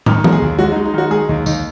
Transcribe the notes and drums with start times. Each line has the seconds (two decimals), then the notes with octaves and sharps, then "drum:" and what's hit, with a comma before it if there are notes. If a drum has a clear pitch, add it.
0.06 D#3, drum: tom
0.24 G#3, drum: tom E3
0.32 G#4
0.42 D#2
0.59 G#3 F#4
0.72 D#4
0.76 G#3
0.85 D#4
0.94 D#3 F#4
1.11 G#3 G#4
1.29 D#2 D#4
1.46 D#2 D#4, drum: tambourine